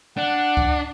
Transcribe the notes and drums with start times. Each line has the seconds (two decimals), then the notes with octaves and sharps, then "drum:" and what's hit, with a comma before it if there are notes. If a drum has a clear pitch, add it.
0.17 D4 F#5
0.57 drum: kick C#2